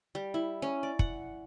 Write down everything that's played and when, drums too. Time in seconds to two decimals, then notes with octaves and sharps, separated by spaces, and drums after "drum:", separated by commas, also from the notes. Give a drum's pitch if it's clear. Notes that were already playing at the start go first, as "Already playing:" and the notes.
0.15 G3
0.34 E4
0.62 C#4
0.83 D5
0.99 F#5, drum: kick